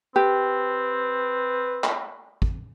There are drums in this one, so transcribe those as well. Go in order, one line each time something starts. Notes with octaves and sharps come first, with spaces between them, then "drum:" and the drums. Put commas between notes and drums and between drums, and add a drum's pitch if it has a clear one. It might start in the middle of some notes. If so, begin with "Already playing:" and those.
C4 G4 B4
drum: clap
drum: kick